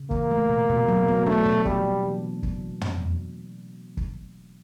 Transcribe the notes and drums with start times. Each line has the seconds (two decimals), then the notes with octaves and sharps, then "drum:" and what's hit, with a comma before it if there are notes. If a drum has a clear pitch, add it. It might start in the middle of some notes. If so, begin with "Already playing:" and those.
Already playing: C#3
0.11 E3 A#3, drum: kick
0.31 A3
0.49 B2
0.70 B2
0.89 F#3
1.08 B3
1.26 A3 D4
1.46 B2
1.65 F#3 G3, drum: kick
1.84 A#3
2.05 E3
2.43 drum: kick
2.81 drum: tom
3.97 drum: kick